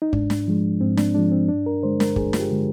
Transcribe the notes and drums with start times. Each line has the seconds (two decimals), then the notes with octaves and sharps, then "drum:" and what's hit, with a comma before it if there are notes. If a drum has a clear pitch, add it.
0.02 D#4
0.13 G#2 D4, drum: kick
0.30 drum: snare
0.47 F3 G#3
0.81 G#2 C4
0.97 D4, drum: snare
1.14 F3 G#3 D4
1.31 C4
1.48 G2 D4
1.66 A#4
1.83 D3 G#3 C5
2.00 A#4, drum: snare
2.16 G2 G#4, drum: kick
2.33 F4, drum: snare
2.40 G4
2.51 D3 G#3